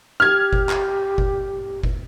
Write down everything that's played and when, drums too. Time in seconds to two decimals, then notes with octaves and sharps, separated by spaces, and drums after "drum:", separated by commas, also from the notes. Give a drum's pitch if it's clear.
0.20 G4 F6 G#6
0.53 drum: kick F#1
0.69 drum: clap
1.18 drum: kick F#1
1.84 drum: kick F#1